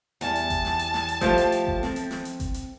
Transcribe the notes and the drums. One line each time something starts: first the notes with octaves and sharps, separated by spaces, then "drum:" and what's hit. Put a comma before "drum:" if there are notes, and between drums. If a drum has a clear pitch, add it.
E2 G3 A5, drum: hi-hat
drum: hi-hat
drum: kick G1, hi-hat
drum: snare
drum: hi-hat
drum: snare
drum: hi-hat
F3 A3 F4 G4, drum: kick G1, hi-hat
drum: hi-hat
drum: hi-hat
drum: kick G1
C4, drum: snare
drum: hi-hat
drum: snare
drum: hi-hat
drum: kick G1, hi-hat
drum: hi-hat